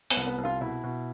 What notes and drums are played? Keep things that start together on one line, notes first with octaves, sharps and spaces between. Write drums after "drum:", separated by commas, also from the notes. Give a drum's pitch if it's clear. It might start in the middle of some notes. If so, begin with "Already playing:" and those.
B3 B4, drum: open hi-hat
C2
B3 B4
C2
F4 F5
B2 E4 E5
B2